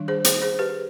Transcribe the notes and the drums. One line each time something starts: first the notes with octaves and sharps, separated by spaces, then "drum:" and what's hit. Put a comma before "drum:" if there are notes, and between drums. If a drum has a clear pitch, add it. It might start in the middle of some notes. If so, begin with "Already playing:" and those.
Already playing: D#3 G3 D4
G#4 C5
G#4 C5, drum: hi-hat
G#4 C5
G4 B4